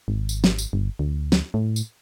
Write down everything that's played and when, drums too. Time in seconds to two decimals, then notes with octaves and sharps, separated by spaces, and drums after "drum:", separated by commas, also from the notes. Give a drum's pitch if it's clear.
0.08 G#1
0.29 drum: tambourine
0.44 drum: snare
0.58 drum: tambourine
0.73 G1
0.99 D2
1.32 drum: snare
1.54 A2
1.76 drum: tambourine